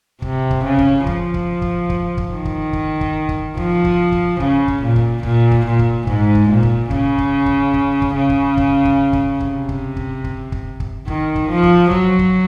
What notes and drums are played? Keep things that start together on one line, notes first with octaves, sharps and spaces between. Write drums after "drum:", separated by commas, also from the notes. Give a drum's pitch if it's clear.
C3, drum: kick
drum: kick
C#3
drum: kick
F3, drum: kick
drum: kick
drum: kick
drum: kick
drum: kick
D#3
drum: kick
drum: kick
drum: kick
drum: kick
F3, drum: kick
drum: kick
drum: kick
C#3, drum: kick
drum: kick
A#2
drum: kick
A#2, drum: kick
drum: kick
A#2
drum: kick
G#2, drum: kick
drum: kick
A#2
drum: kick
C#3, drum: kick
drum: kick
drum: kick
drum: kick
drum: kick
C#3
drum: kick
drum: kick
drum: kick
drum: kick
C3, drum: kick
drum: kick
drum: kick
drum: kick
drum: kick
drum: kick
D#3, drum: kick
drum: kick
F3
drum: kick
F#3, drum: kick
drum: kick